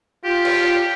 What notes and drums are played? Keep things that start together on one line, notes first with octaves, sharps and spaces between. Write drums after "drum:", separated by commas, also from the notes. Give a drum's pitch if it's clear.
F4 G4
drum: cymbal